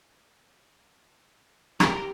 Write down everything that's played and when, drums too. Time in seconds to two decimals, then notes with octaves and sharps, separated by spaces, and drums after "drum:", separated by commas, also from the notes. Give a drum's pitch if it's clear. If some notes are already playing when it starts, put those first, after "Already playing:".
1.80 G4 A#4, drum: rim click